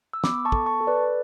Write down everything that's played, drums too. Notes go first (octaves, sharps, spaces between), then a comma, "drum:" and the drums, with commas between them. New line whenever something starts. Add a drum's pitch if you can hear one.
E6
B3 B5 D6, drum: snare
A5 C#6
A4, drum: kick
A5 C#6
A4
B4 D5